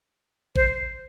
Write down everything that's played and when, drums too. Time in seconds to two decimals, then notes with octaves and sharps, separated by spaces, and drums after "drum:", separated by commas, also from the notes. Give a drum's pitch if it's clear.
0.56 C5, drum: kick A1